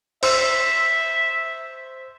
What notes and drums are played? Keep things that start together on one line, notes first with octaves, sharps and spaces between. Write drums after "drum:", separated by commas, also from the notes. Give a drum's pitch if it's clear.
C5 E5 E6, drum: cymbal